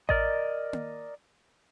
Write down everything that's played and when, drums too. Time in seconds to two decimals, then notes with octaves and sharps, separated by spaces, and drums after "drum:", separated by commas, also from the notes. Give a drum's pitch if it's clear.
0.09 A#4 D5 D#5, drum: kick A1
0.73 drum: tom A#3